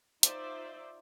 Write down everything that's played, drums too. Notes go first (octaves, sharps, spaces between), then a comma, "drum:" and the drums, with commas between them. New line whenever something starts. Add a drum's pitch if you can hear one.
D#4 F4 C5 D5 E5, drum: hi-hat